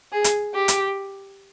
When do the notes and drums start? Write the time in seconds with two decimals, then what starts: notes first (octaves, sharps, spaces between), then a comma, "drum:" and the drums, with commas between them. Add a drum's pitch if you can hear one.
0.12 G#4
0.24 drum: hi-hat
0.54 G4
0.68 drum: hi-hat